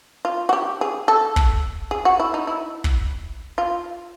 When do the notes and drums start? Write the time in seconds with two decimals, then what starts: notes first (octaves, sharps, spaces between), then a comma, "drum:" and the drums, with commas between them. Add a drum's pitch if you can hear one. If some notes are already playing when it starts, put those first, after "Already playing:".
0.25 F4
0.49 F#4
0.53 G4
0.81 G#4
1.08 A4
1.36 drum: kick
1.91 G#4
2.05 F#4
2.20 E4
2.34 D#4
2.47 E4
2.84 drum: kick
3.58 F4